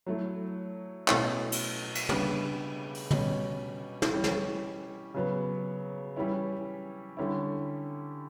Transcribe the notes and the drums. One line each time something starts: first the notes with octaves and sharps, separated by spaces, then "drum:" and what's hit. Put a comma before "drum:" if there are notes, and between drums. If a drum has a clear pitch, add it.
F#3 A3 E4
B2 A3 C#4 E4, drum: clap
drum: cymbal
drum: cymbal
C#3 G3 B3 D4, drum: tom
drum: open hi-hat
B2 G3 C#4, drum: tom
drum: snare
E3 G3 C#4
drum: snare
C#3 F#3 B3
E3 G3 C#4 E4
D3 G3 C#4 E4